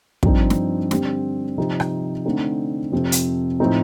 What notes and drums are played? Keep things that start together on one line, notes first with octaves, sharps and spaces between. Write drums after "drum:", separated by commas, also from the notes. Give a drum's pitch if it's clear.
G2 F3 C4 D#4, drum: kick
drum: snare
D3 G3 C4, drum: snare
C3 F3 C4 D#4
drum: rim click
D3 A3 C4 D#4
F2 C3 F3 C4
drum: hi-hat
A2 F3 C4 D#4